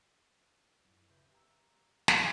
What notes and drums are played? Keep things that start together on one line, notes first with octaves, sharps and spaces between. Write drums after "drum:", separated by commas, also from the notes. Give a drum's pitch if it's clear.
F#2 E4
D2 C#3 B4 E5 G6
G4 A#5 E6
A3, drum: snare